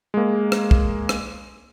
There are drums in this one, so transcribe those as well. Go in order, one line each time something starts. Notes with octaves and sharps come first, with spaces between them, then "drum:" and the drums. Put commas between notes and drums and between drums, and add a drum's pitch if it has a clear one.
G#3 A#3
drum: rim click
drum: kick
drum: rim click